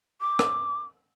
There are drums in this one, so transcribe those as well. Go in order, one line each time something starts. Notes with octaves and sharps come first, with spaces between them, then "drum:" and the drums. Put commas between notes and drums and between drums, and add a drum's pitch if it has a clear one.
D6
drum: rim click